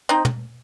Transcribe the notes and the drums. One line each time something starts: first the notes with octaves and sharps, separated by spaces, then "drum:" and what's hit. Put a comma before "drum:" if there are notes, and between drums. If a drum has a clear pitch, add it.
C4 D#4
drum: tom